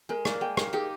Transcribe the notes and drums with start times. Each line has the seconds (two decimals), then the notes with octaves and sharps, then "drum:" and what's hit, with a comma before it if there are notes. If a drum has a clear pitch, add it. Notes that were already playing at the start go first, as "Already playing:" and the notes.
0.09 G#3 A#4
0.25 A#3 D5, drum: rim click
0.41 G#3 G5
0.57 A#3 A#4, drum: rim click
0.73 D#4 G4 G#4